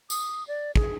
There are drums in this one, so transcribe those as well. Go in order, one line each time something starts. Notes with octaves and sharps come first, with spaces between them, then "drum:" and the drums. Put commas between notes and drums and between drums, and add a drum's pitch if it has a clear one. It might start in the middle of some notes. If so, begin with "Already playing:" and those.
D#6, drum: tambourine
D5
G#4, drum: kick